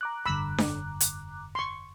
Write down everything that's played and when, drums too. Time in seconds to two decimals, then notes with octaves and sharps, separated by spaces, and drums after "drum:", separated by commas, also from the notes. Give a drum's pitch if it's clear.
0.01 A#5 D6 F#6
0.26 F1 G2 D3 B5 E6
0.58 drum: snare D4
1.00 drum: hi-hat
1.55 C6 C#6